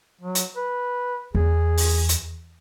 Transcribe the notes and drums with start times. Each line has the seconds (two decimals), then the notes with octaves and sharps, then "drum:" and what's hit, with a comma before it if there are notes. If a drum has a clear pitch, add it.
0.21 F#3
0.35 drum: hi-hat
0.56 B4
1.35 E2 G#4
1.77 drum: open hi-hat
2.09 drum: hi-hat